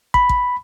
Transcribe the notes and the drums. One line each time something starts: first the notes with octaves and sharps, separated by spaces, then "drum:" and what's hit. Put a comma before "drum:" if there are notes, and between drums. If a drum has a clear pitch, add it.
B5, drum: kick
drum: kick